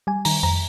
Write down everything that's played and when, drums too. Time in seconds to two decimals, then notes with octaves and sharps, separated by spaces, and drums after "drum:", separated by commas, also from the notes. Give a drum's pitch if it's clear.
0.07 G3 G#5
0.25 D#3 A#5, drum: open hi-hat
0.43 F2 A#5